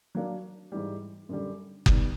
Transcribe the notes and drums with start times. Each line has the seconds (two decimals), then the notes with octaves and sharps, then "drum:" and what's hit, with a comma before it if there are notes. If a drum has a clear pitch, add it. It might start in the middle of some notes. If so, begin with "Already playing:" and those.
0.15 F#3 A#3 D4
0.72 G#2 E3 G3
1.29 F#2 D3 G3
1.86 D#3 G3 B3, drum: kick F#1